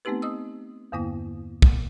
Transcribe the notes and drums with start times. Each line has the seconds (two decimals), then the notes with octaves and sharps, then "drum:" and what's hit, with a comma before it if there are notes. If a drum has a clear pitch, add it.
0.05 A3 B3 C4 D#4 G4 B4
0.22 D#5 D#6 E6
0.92 E2 G2 D3 A#3 B3 E4
1.62 drum: kick